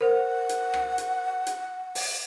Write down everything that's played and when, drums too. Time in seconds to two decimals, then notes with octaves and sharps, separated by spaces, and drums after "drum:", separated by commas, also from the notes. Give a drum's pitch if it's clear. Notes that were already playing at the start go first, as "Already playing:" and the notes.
0.01 A#4 C5 F#5
0.49 drum: hi-hat
0.74 drum: rim click
0.98 drum: hi-hat
1.47 drum: hi-hat
1.95 drum: open hi-hat